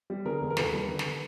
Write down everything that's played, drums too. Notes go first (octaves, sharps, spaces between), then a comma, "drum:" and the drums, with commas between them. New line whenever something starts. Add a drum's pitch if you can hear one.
G3
D3 G#4 A#4
E1
A#4
D#2 A4 B4, drum: snare
G3
D3
drum: snare